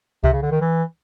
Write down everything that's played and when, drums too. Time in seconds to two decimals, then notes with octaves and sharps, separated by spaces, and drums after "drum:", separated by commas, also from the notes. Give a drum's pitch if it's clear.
0.24 C3, drum: kick C2
0.33 C#3
0.42 D3
0.51 D#3
0.61 E3